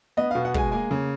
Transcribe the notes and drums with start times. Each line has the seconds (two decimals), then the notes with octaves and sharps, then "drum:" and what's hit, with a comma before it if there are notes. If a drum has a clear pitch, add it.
0.17 B3 D#5
0.31 B2 F5
0.45 F#5
0.54 G#3 G#5, drum: kick
0.72 A#3 G#5
0.91 C#3